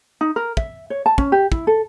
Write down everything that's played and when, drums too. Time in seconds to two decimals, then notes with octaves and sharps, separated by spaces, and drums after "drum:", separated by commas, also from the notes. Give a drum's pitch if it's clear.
0.21 D#4
0.36 A#4
0.57 E5, drum: kick
0.90 C#5
1.06 A5
1.18 C#4, drum: kick
1.32 G4
1.52 E4, drum: kick
1.67 A4